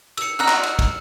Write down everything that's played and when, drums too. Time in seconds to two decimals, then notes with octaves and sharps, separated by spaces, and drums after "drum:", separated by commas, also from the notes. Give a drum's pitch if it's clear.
0.17 E6 C#7, drum: cymbal
0.39 D#4 F#5 A#5 E6 F6
0.48 drum: clap
0.63 drum: cymbal
0.79 drum: kick, cymbal